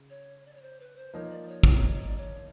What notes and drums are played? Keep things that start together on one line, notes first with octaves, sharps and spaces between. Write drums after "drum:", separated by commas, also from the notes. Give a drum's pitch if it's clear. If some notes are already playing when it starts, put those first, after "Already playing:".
Already playing: C#3
C#5
D5
C#5
C5
B4
C5
F3 A#3 D#4 C#5
D5
C#5
drum: kick
D5
C#5